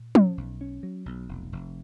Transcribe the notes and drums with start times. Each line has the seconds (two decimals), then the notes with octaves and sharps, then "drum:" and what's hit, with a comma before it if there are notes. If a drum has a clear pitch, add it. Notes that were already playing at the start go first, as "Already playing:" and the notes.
Already playing: A#2
0.15 C#4, drum: tom
0.37 B1
0.61 C#4
0.83 F#3
1.06 B1
1.29 F1
1.52 F1